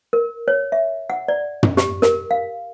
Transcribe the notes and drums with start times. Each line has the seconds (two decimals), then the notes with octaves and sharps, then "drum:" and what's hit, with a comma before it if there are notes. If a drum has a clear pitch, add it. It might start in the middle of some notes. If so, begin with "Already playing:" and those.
0.13 A#4
0.48 C#5
0.72 E5
1.10 F#5
1.28 D5
1.63 drum: tom
1.77 G4, drum: snare
2.02 A#4, drum: snare
2.31 F5